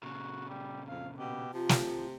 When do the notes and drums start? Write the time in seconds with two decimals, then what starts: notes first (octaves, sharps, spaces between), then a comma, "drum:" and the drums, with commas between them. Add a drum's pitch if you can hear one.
0.03 A#2 C#3 F#4
0.48 G3
0.88 F2 F5
1.18 B2 G4
1.53 C3 F3 F4
1.69 drum: snare